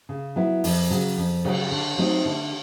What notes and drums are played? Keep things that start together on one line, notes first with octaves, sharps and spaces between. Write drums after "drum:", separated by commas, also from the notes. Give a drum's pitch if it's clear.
C#3
F#3 B3 E4
F2, drum: open hi-hat
C#3 F#3
F2
C#3 F#3, drum: cymbal
D3
F#3 A3 C4 D#4
D3